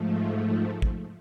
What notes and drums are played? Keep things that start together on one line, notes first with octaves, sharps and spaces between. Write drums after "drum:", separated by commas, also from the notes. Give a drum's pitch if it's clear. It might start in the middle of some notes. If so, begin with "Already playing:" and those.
Already playing: G#2 F3 A3
drum: kick